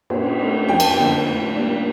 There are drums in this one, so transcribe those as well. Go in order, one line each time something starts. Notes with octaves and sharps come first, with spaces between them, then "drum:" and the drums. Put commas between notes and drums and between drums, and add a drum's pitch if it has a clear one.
A#2, drum: cymbal
A3 C4 D#4
F2 G5
A5, drum: cymbal
G5
D3 F3 A#3 D#4
A2
G3 A#3 D4